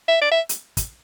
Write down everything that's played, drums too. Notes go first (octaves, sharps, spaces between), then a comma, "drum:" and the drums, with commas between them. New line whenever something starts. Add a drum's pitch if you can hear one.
E5
D5
E5
drum: hi-hat
drum: kick, hi-hat